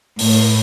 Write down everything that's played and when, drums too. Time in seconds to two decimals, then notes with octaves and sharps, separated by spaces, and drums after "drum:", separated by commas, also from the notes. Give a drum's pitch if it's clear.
0.19 A2, drum: open hi-hat